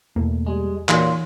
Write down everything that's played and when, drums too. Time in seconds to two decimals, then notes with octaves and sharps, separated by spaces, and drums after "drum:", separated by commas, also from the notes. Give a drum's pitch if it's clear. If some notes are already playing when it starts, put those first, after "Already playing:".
0.16 E2 B2 A3 A#3
0.46 G3 G#3
0.89 A#2 E3 D#4 F4 F#4 C#5, drum: clap